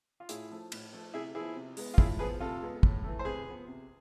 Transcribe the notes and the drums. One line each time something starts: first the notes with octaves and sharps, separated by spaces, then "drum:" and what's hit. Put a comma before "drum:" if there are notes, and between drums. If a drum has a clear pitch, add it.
F4
A2 E4 G#4, drum: hi-hat
F3 A3
A2, drum: cymbal
F3 A3
C3 E4 G#4
F3 B3 E4 G#4
C3
G#3 B3, drum: open hi-hat
F4
A2 E4 G#4, drum: kick
F3 B3 G#4 B4
C3 F4 A4
G#3 B3
A2, drum: kick
E3 A3
C5
C3 G#4 B4
F3 B3
C3